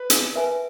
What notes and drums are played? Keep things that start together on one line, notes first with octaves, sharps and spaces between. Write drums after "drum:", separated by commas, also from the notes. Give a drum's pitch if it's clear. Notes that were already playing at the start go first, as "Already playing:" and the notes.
Already playing: B4
G#4, drum: hi-hat
B4 E5 G#5